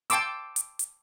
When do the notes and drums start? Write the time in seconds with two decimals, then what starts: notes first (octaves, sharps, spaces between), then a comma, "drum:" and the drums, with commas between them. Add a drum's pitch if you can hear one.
0.10 G5 A5 C6 D6 E6, drum: hi-hat
0.56 drum: hi-hat
0.79 drum: hi-hat